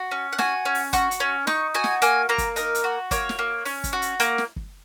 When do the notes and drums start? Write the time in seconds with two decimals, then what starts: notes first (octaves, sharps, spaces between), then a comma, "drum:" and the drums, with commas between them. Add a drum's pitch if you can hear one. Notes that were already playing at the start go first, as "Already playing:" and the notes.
Already playing: F#4
0.11 C#4
0.33 F#5
0.39 F#4 G#5, drum: snare
0.65 C#4
0.75 drum: open hi-hat
0.93 F#4 C#6, drum: kick, hi-hat
1.11 drum: hi-hat
1.20 C#4
1.47 D#4 C#6, drum: snare
1.75 F#4 G#5
1.84 drum: snare
2.02 A#3 G#5, drum: hi-hat
2.29 A#3 A#5
2.38 drum: kick, hi-hat
2.56 D#4 A#4, drum: hi-hat
2.75 drum: hi-hat
2.84 F#4
3.11 A#3 C#5, drum: kick, hi-hat
3.29 drum: snare
3.39 A#3
3.65 C#4, drum: open hi-hat
3.84 drum: kick, hi-hat
3.93 F#4
4.02 drum: hi-hat
4.20 A#3, drum: hi-hat
4.38 drum: snare
4.56 drum: kick